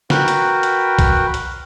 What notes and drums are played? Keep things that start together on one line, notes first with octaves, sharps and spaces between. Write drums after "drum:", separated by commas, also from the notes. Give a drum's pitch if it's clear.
F#4 A#4 B4 G5, drum: snare
drum: hi-hat
drum: hi-hat
drum: kick, hi-hat
drum: hi-hat